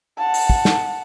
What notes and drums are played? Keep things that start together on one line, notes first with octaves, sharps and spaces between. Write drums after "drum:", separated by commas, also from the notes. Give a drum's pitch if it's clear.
F#5 A5
drum: open hi-hat
drum: kick
drum: snare